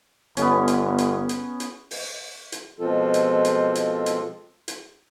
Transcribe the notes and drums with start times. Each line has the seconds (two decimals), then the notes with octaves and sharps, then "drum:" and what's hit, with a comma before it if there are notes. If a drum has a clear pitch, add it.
0.37 G1 B3 C#4, drum: hi-hat
0.68 drum: hi-hat
0.98 drum: hi-hat
1.29 drum: hi-hat
1.60 drum: hi-hat
1.91 drum: open hi-hat
2.52 drum: hi-hat
2.78 B2 F3 G#3 C4 F4 A4
3.14 drum: hi-hat
3.45 drum: hi-hat
3.75 drum: hi-hat
4.06 drum: hi-hat
4.68 drum: hi-hat